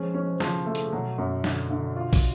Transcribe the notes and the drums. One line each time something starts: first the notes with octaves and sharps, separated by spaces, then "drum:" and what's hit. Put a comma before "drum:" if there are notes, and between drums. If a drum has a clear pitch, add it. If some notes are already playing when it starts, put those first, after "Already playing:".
Already playing: F3 G#3 C#4
C#4
C#3 F3, drum: snare
A3
drum: hi-hat
B2 F#3
F#2
D3, drum: snare
D3
F4
drum: kick, open hi-hat